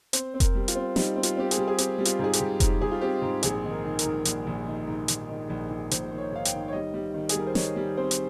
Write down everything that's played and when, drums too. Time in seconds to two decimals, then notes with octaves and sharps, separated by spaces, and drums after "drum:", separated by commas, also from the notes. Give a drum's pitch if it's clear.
0.13 C4 C5, drum: hi-hat
0.34 C4
0.40 A#4, drum: kick F1, hi-hat
0.55 G3
0.68 F4, drum: hi-hat
0.75 C4
0.96 G3 D#4, drum: snare
1.16 C4
1.23 F4, drum: hi-hat
1.37 C4 G4
1.51 G#4, drum: hi-hat
1.57 G3
1.68 G#4
1.78 C4 G4, drum: hi-hat
1.98 G3
2.05 F4, drum: hi-hat
2.19 G#2 G#4
2.33 G4, drum: hi-hat
2.40 G#2
2.60 G#2, drum: kick F1, hi-hat
2.81 G#2 G#4
2.91 F4
3.01 C4 G4
3.22 G#2
3.43 A#1 G#4, drum: hi-hat
3.64 D#3
3.71 A#4
3.84 D#3
3.99 A#4, drum: hi-hat
4.05 G#2
4.25 A#1, drum: hi-hat
4.47 A#1
4.66 D#3
4.87 G#2
5.08 A#1, drum: hi-hat
5.29 D#3
5.50 A#1
5.70 A#1
5.91 A#1 C5, drum: hi-hat
6.11 D#3
6.18 C#5
6.32 G#2 F5
6.45 G5, drum: hi-hat
6.53 D#3
6.68 C#5
6.73 G3 D#5
6.94 G3
7.14 D#3
7.29 G#4, drum: hi-hat
7.35 G3 A#4
7.47 C5
7.55 D#3 C#5, drum: snare
7.76 G3
7.97 C4 C5
8.11 drum: hi-hat